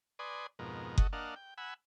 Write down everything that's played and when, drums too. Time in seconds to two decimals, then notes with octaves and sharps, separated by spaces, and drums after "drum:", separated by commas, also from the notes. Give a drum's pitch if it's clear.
0.19 B4 D5 G#5 C6 D#6
0.59 F2 G#2 B2 A#4
0.98 F#4 A4 D#5, drum: kick F#1
1.13 A#3 D4 D#5 F5 F#5 A5
1.36 G5
1.58 F#5 G#5 B5 E6